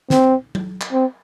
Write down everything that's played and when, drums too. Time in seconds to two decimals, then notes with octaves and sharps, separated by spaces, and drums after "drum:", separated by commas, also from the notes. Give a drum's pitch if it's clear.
0.10 C4, drum: snare
0.55 drum: tom F#3
0.81 drum: clap
0.93 C4